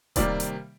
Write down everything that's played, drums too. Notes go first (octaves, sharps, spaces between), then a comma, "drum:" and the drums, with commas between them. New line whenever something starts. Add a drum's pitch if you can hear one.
C3 D#3 G3 A#3 D5, drum: kick D#1, hi-hat
drum: hi-hat